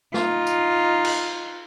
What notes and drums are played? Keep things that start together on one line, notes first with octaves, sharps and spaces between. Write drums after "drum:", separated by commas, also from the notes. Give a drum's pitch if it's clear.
D#4 F4, drum: snare
drum: tambourine
drum: cymbal